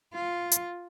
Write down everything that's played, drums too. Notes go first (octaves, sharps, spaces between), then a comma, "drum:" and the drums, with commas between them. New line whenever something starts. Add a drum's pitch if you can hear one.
F4
drum: hi-hat